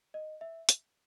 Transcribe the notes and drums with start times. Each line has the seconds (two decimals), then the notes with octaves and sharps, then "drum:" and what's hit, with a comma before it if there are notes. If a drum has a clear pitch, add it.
0.14 D#5
0.41 E5
0.69 drum: hi-hat